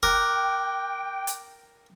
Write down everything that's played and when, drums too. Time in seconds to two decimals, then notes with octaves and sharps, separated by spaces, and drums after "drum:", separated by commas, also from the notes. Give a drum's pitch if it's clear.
0.03 A#4 G5 D6 F#6, drum: kick
1.27 drum: hi-hat